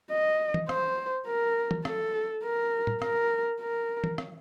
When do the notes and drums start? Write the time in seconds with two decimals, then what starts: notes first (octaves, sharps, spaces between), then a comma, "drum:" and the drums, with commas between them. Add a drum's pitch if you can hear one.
0.11 D#5
0.54 drum: tom E3
0.69 C5, drum: rim click
1.26 A#4
1.71 drum: tom E3
1.85 A4, drum: rim click
2.43 A#4
2.87 drum: tom
3.02 A#4, drum: rim click
3.61 A#4
4.04 drum: tom E3
4.18 drum: rim click